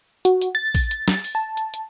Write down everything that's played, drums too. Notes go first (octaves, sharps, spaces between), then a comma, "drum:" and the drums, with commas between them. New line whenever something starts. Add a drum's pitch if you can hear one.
F#4, drum: hi-hat
drum: hi-hat
A6
drum: kick A1, open hi-hat
drum: hi-hat
drum: snare
drum: open hi-hat
A5
drum: hi-hat
drum: hi-hat